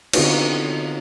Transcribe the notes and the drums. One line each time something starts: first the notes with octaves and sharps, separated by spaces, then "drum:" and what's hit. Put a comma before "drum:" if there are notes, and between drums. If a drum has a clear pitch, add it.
D3 B3 C4 D#4 F4 F#4, drum: cymbal